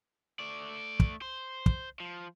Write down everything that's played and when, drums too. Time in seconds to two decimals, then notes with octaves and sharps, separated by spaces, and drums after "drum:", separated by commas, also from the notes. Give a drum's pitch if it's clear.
0.40 A3 D5
1.00 drum: kick
1.22 C5
1.66 drum: kick
2.00 F3